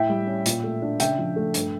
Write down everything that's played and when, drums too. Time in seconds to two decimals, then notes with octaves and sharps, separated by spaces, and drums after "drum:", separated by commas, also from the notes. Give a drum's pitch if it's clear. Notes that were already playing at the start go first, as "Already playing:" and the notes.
Already playing: A2 E5 G5
0.09 G3
0.27 C#4
0.46 A#2, drum: hi-hat
0.64 A3
0.82 D4
1.00 C#3 E5 G5, drum: hi-hat
1.19 F3
1.36 A3
1.54 G2, drum: hi-hat